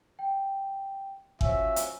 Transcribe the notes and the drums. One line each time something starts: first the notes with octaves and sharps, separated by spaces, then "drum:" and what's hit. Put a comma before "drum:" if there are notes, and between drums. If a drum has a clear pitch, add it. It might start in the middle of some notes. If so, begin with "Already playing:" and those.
G5
F3 C#4 F#4 E5 G#5, drum: kick G1
drum: hi-hat